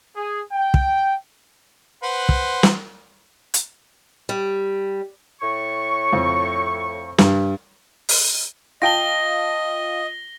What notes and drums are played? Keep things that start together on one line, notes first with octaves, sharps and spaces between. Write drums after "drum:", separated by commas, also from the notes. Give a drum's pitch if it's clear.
G#4
G5
drum: kick
B4 C5 F#5
drum: kick
drum: snare
drum: hi-hat
G3
A2 C#6
F2
G2, drum: snare
drum: open hi-hat
F4 D#5 G5 A5 A#6 G7